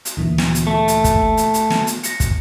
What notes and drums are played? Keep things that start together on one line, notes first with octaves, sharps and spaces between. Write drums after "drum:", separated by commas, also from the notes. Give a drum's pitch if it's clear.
drum: hi-hat
D2 A#2 E3
drum: snare
drum: hi-hat
A3
drum: hi-hat
drum: kick, hi-hat
drum: hi-hat
drum: hi-hat
drum: snare
drum: hi-hat
A#6 C#7, drum: hi-hat
drum: kick, hi-hat